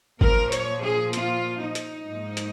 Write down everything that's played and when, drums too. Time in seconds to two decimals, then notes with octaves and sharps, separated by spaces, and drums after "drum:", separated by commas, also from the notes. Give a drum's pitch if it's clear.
0.21 A#2 F3 A#3 A#4, drum: kick G1
0.52 C#5, drum: hi-hat
0.83 G#4
1.13 F4, drum: hi-hat
1.60 D#4
1.75 drum: hi-hat
2.06 G#2 F3 A#3
2.37 drum: hi-hat